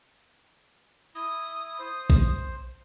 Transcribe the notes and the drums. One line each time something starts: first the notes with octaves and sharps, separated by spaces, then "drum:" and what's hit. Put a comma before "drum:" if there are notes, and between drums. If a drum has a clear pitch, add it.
E4 D#6
C5
drum: kick A#1